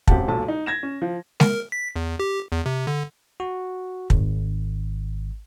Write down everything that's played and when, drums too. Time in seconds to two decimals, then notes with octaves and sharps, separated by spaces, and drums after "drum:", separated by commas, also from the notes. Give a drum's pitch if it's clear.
0.08 E1 C#3 C4 G4 F#5 A5, drum: kick
0.28 E1 B1 A#2 A4 A5
0.48 D#4
0.66 G#6 A#6 E7
0.83 C#4
1.02 F3
1.40 A#4, drum: snare G#3
1.72 B6
1.96 E2
2.19 G4
2.52 E2
2.66 C3
2.87 D3
3.40 F#4
4.10 G#1, drum: kick